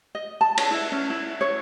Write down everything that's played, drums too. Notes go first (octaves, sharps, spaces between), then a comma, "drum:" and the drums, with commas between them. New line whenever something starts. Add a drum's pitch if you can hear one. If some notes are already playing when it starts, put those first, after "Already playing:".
D#5
A5
C#5, drum: cymbal
E4
C#4
E4
C#5